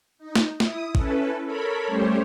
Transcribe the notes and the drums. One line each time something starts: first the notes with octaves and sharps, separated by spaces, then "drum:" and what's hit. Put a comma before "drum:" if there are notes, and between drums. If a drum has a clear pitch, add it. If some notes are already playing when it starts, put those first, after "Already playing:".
D#4
drum: snare
E4 D#6, drum: snare
C#4 E4 A4 B4, drum: kick
A4 A#4 C#5 B5
G3 A3 C#4 G4 C5 C#5